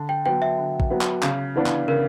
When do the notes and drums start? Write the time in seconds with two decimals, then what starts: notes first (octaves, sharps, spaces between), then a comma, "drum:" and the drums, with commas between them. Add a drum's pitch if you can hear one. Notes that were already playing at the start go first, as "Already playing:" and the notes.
Already playing: D3
0.09 G5
0.26 F#3 B3 G5
0.42 E5
0.58 D3
0.80 drum: kick
0.91 F#3 B3
1.01 drum: clap
1.23 C#3, drum: clap
1.56 E3 B3 D4
1.66 drum: clap
1.88 C#3 A#4